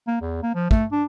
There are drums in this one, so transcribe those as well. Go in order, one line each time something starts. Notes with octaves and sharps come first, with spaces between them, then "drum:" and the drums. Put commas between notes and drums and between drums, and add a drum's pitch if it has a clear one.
A#3
E2
A#3
F3
A3, drum: kick
D4